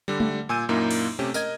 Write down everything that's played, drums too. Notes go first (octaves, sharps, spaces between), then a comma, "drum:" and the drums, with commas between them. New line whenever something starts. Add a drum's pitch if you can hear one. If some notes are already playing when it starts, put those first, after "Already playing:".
D3 G3
drum: tom G#3
A#2 G#5 E6 G6 D#7
F#2 A#2 A#3 D#4 E4
drum: cymbal
C3 A3 C#4 G4
A#4 D#5 G#6, drum: tambourine